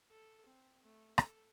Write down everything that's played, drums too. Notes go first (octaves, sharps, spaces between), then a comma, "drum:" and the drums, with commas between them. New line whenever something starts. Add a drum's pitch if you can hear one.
A4
C4
A3
A4, drum: rim click